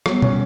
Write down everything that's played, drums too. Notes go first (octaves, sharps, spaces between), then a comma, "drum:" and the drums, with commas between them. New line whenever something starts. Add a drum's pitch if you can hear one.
F#3 G3 B3, drum: rim click
C#4 F#4 C#5, drum: tom